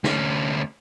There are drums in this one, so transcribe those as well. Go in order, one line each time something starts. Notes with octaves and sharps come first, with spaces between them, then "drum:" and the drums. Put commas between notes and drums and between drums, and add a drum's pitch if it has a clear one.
D2 C#4, drum: snare